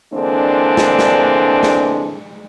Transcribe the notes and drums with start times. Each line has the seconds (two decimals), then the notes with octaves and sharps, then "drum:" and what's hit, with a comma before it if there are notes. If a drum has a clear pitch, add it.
0.13 D3 E3 G#3 A#3 C4 D4
0.77 drum: snare
0.99 drum: snare
1.63 drum: snare